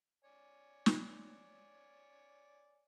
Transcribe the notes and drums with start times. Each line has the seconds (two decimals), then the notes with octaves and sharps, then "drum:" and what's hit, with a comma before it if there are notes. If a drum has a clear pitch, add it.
0.24 C#5 D5 G#5
0.86 drum: snare